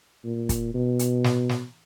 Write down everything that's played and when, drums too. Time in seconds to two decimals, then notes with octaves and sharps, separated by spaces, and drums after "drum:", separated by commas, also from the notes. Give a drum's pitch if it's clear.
0.24 A#2
0.49 drum: kick, hi-hat
0.74 B2
0.99 drum: hi-hat
1.24 drum: snare
1.49 drum: snare